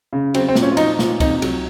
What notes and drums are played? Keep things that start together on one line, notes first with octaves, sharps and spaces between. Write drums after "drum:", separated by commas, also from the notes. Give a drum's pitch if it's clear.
C#3
F#3 C4, drum: cymbal
C4
A#2, drum: snare
C#4
F4
F3 D#4, drum: cymbal
A#2, drum: snare
C3 D#4, drum: kick C2, cymbal
F#3, drum: cymbal